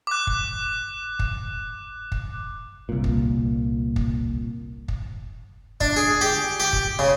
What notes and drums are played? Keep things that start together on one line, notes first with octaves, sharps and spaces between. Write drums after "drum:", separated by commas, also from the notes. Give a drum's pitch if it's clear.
D6 F#6
drum: kick
drum: kick
drum: kick
C2 A#2
drum: kick
drum: kick
drum: kick
D4, drum: kick
G#4
G4
G4
drum: kick
C#3